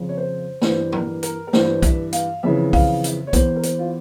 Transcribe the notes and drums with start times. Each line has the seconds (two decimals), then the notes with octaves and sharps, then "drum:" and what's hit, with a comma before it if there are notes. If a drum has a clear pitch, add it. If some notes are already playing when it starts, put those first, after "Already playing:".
Already playing: F2 C#3 F3
0.09 C#5
0.17 C5
0.62 G2 E3 C5, drum: snare
0.92 A#4, drum: tom A2
1.23 A#4, drum: hi-hat
1.47 A#4
1.53 G2 E3 C5, drum: snare
1.82 E5, drum: kick, hi-hat
2.13 F5, drum: hi-hat
2.43 F2 C#3 E3 E5
2.73 F5, drum: kick, open hi-hat
3.04 E5, drum: hi-hat
3.27 C#5
3.33 E2 E3 C5, drum: kick, hi-hat
3.56 A#4
3.63 C5, drum: hi-hat
3.79 F4